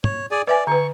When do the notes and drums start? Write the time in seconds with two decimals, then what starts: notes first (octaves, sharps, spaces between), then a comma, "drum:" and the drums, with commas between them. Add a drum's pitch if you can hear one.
0.04 C#5, drum: tom
0.31 G#4 D5 G#5
0.47 B4 D5 E5 G#5
0.67 D3 B4 C#6